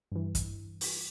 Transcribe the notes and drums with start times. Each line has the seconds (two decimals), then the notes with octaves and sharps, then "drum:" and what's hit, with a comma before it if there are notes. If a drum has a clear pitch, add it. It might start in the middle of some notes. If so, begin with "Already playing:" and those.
0.12 G2 E3
0.35 drum: kick, hi-hat
0.81 drum: open hi-hat